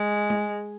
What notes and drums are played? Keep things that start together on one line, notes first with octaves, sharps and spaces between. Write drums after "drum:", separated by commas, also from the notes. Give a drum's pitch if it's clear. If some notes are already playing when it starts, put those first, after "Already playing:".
Already playing: G#3
drum: tom G#3